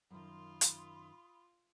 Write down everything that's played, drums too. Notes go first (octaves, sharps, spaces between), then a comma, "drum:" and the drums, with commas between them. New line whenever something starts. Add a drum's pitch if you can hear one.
F#2 D#3 F4 B5 C6 D#6
drum: hi-hat